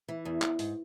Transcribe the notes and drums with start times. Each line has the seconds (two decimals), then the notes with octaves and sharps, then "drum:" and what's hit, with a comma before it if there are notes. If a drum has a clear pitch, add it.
0.08 E3
0.25 E2
0.42 E2, drum: clap
0.59 G#2, drum: open hi-hat